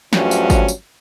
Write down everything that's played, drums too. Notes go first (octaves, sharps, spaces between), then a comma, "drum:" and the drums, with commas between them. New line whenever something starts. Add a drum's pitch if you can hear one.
G2 F3 F#3 A3 C#4, drum: snare
drum: tambourine
drum: kick G#1, tambourine
drum: tambourine